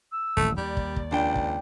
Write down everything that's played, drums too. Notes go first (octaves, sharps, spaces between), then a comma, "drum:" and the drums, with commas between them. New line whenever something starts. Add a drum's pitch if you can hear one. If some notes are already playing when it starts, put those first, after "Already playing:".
E6
D#1 A1 A3
D#2 G3 D5
drum: kick
drum: kick
C#2 D4 G5
drum: kick